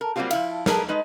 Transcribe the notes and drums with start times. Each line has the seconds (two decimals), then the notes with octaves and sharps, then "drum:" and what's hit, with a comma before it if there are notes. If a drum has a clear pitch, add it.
0.01 A#4
0.16 F#3 G3 A#3 C4 F4 G4
0.31 F3 E4 F5, drum: cymbal
0.66 G#4 A#4 B4, drum: snare
0.89 G#3 D#4 B4